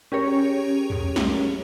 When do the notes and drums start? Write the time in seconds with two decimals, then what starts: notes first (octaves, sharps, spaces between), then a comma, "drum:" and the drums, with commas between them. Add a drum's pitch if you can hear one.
0.12 C#4 G4 G#4 A#4 C#5
0.90 drum: tom
1.16 drum: snare